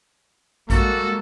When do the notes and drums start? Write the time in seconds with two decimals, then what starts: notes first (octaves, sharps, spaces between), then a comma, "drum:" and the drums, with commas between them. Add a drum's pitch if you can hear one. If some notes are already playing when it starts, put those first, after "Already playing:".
0.70 G3 G#3 A#3 F#4 A4, drum: kick A#1, hi-hat